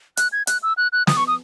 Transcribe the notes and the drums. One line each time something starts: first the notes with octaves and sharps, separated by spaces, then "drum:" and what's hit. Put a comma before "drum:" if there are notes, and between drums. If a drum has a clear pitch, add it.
F#6, drum: hi-hat
G#6
F#6, drum: hi-hat
E6
F#6
F#6
D#6, drum: snare
C#6
D#6